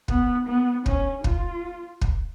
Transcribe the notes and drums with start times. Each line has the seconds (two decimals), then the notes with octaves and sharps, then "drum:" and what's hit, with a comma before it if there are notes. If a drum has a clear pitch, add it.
0.08 B3, drum: kick
0.47 B3
0.86 C#4, drum: kick
1.24 F4, drum: kick
2.01 drum: kick